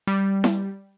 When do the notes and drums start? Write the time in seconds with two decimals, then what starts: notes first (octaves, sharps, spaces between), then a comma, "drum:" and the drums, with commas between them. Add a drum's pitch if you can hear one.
0.07 G3
0.44 drum: snare E4